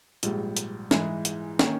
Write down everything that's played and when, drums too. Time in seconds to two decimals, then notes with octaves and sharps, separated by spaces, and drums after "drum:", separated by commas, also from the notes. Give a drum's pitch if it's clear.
0.23 A#1 G#2 G3, drum: hi-hat
0.57 drum: hi-hat
0.91 G#2 E3 G#3, drum: snare
1.25 drum: hi-hat
1.59 D#3 A#3 C#4, drum: snare